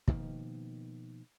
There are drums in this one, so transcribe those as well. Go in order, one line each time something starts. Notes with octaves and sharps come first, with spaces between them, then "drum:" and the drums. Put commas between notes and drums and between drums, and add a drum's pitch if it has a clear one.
B2 D#3 F3 A#3, drum: kick